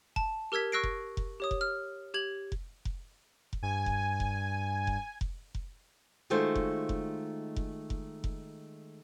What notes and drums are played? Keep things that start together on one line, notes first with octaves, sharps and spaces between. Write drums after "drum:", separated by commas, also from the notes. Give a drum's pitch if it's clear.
A5, drum: kick F1
G4 A#4 E6 G#6 B6
C#6 E6 F#6 A#6 C7 D7
drum: kick F1
drum: kick F1
G4 C#5 D#6
drum: kick F1
F6
G4 G#6 F#7
drum: kick F1
drum: kick F1
drum: kick F1
G2 G#5
drum: kick F1
drum: kick F1
drum: kick F1
drum: kick F1
drum: kick F1
D#3 G#3 A3 F4 F#4 C5
drum: kick F1
drum: kick F1
drum: kick F1
drum: kick F1
drum: kick F1